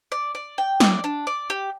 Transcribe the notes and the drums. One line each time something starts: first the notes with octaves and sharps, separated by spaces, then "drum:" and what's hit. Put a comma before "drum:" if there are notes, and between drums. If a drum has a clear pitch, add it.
D5
D5
G5
D5, drum: snare
D4
D5
G4